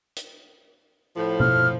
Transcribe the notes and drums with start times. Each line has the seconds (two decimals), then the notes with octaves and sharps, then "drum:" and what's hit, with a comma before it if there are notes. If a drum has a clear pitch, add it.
0.16 drum: hi-hat
1.17 A2 F3
1.40 F6, drum: tom B2